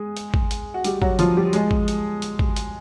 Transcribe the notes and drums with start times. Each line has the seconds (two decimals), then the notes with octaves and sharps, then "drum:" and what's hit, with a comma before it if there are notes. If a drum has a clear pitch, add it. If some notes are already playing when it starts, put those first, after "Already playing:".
Already playing: G#3 G#4
0.17 drum: hi-hat
0.34 drum: kick
0.51 drum: hi-hat
0.74 F#4
0.84 G3 G4, drum: hi-hat
1.02 F#3 F#4, drum: kick
1.19 F3 F4, drum: hi-hat
1.37 G3 G4
1.53 G#3 G#4, drum: hi-hat
1.71 drum: kick
1.88 drum: hi-hat
2.22 drum: hi-hat
2.39 drum: kick
2.56 drum: hi-hat